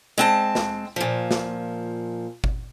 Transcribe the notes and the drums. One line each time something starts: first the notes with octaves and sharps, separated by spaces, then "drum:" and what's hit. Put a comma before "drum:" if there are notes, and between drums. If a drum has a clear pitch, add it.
G#3 C4 A5
drum: snare
A#2 F3
drum: snare
drum: kick G1